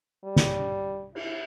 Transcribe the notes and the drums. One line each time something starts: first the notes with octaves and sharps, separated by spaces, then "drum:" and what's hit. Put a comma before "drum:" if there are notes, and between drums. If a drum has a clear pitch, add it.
G3
drum: snare
E4, drum: cymbal